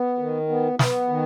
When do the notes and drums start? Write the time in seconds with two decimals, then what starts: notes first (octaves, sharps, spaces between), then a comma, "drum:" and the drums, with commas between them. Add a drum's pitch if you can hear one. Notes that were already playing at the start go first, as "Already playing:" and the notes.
Already playing: B3
0.19 D#3
0.49 B3
0.79 B3, drum: snare
1.09 D#3